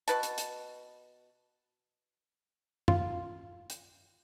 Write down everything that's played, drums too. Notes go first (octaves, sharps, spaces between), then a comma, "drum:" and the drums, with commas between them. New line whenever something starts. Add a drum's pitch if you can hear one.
B2 B4 A5, drum: hi-hat
drum: hi-hat
drum: hi-hat
F4, drum: tom
drum: hi-hat